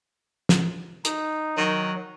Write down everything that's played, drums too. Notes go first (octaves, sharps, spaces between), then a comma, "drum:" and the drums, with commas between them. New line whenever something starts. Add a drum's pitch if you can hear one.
drum: snare
D#4, drum: hi-hat
D#3 F#3